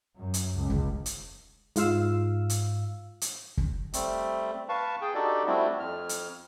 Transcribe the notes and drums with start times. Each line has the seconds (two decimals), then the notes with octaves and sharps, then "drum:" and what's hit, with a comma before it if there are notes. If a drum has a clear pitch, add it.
0.20 F#2
0.34 drum: hi-hat
0.57 C#2
0.70 drum: kick
1.06 drum: hi-hat
1.76 G#2 F4 F5 E6, drum: hi-hat
2.50 drum: hi-hat
3.21 drum: hi-hat
3.57 drum: kick
3.93 G3 A3 C4, drum: hi-hat
4.69 B4 F5 A5 C#6
5.01 G#4 G5
5.14 D4 D#4 F#4 G4 A4 D5
5.46 G3 A3 C4 D4 E4 F#4
5.80 F2 F6
6.09 drum: hi-hat